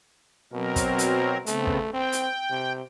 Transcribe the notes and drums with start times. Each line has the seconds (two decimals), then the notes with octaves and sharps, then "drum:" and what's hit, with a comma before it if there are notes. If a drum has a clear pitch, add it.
0.53 B2 F#3 C4 A#4
0.76 drum: kick, hi-hat
0.99 drum: hi-hat
1.46 C#3 A3 B3 C4, drum: hi-hat
1.67 drum: kick
1.94 C4 G5
2.12 drum: hi-hat
2.50 C3